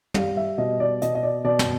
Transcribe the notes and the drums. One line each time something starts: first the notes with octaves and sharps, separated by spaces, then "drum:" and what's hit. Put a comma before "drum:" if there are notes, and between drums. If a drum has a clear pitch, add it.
G3 F5, drum: tom
E5
B2 D#5
D5
B2 D#5, drum: hi-hat
D#5
D5
B2 D5
drum: snare